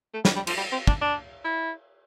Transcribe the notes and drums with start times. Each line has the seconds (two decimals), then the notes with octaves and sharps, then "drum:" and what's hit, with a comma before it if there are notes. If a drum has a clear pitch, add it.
0.14 A3
0.25 G3, drum: snare
0.36 G3
0.47 F3, drum: cymbal
0.57 G3
0.72 C4
0.87 D4, drum: kick
1.01 D4
1.45 E4